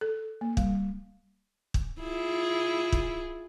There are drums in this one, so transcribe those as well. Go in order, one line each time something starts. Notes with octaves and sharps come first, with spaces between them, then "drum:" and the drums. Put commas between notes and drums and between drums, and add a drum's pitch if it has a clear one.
A4
A#3
G3, drum: kick
drum: kick
E4 F4 G#4
drum: kick